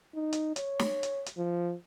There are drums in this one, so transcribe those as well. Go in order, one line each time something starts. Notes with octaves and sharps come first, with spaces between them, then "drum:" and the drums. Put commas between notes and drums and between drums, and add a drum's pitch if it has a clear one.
D#4
drum: hi-hat
C#5, drum: hi-hat
drum: snare
drum: hi-hat
drum: hi-hat
F3